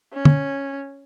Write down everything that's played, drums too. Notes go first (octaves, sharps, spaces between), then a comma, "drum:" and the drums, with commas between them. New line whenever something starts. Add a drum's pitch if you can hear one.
C#4
drum: tom